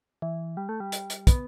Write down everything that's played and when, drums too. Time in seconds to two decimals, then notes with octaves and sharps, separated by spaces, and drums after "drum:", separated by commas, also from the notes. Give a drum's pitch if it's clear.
0.22 E3
0.57 G3
0.69 A3
0.80 G3
0.92 drum: hi-hat
1.10 drum: hi-hat
1.27 B3, drum: kick, hi-hat